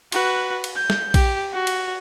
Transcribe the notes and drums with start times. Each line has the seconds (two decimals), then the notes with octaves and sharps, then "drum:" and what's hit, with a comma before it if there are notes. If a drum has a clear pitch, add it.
0.12 F#4 B4, drum: cymbal
0.64 drum: cymbal
0.76 G6
0.90 drum: snare
1.14 G4, drum: kick A#1, cymbal
1.53 F#4
1.67 drum: cymbal